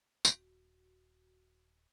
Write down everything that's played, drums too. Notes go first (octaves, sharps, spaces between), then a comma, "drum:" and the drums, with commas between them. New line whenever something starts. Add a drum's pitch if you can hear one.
D#1 F#4, drum: tambourine